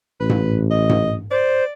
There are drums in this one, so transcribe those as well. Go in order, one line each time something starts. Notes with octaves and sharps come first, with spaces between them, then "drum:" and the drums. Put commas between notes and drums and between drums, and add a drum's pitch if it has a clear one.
A1 B4
drum: tom G#2
D#5
drum: tom G#2
C5 D5